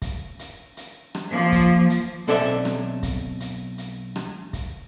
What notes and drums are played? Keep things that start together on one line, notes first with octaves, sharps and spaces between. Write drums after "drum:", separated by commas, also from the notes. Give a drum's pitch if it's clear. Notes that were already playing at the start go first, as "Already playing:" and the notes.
drum: kick, hi-hat
drum: hi-hat
drum: hi-hat
drum: rim click
F3 A#3
drum: kick, hi-hat
drum: hi-hat
B1 C4 A4 D5 E5, drum: hi-hat
drum: rim click
drum: kick, hi-hat
drum: hi-hat
drum: hi-hat
drum: rim click
drum: kick, hi-hat